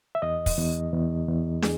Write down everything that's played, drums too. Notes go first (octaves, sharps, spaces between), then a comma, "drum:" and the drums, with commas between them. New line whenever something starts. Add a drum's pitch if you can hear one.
E5
E2 D#5
drum: kick, open hi-hat
E2
E2
E2
G#4, drum: snare